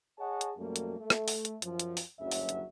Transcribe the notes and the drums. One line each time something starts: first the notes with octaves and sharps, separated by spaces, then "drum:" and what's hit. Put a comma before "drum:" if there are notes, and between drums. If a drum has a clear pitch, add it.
G#4 C#5 D#5 F#5 G#5 A5
drum: hi-hat
F#2 B2 G3 A3 A#3
drum: hi-hat
A3
drum: rim click
drum: open hi-hat
drum: hi-hat
F#2 F3, drum: hi-hat
drum: hi-hat
drum: open hi-hat
F#1 D2 G2 C#3 F#3 E5
drum: open hi-hat
drum: hi-hat